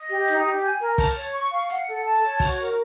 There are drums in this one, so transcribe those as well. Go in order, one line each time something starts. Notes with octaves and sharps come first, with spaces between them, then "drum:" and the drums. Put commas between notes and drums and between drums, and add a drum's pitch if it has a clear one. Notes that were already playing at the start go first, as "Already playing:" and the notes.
Already playing: D#5
G4
D#4, drum: hi-hat
G4
G#5
A#4
A5, drum: kick, open hi-hat
C#5
C#6
F5
F#5, drum: hi-hat
A4
A5
C#5
F#4, drum: kick, open hi-hat
A#4